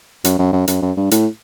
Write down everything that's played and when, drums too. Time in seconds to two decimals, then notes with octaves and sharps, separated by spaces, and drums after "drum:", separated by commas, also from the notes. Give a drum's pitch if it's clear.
0.24 F#2, drum: hi-hat
0.39 F#2
0.53 F#2
0.68 F#2, drum: hi-hat
0.82 F#2
0.97 G2
1.11 A2, drum: hi-hat